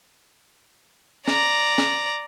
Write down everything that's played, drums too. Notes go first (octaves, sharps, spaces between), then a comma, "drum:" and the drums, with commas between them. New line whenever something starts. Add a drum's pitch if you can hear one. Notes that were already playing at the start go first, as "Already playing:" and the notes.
D5 A#5, drum: snare
drum: snare